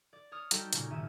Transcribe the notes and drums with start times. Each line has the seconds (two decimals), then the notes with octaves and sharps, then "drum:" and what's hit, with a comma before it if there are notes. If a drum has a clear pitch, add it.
0.13 D5
0.32 C#5 D#6 F6
0.51 G3 D#4 F#4 A4 D#5 G5, drum: hi-hat
0.73 A#2 C#3 A#3 C#4, drum: hi-hat
0.90 G#1 A#2 C#4 E5 D#7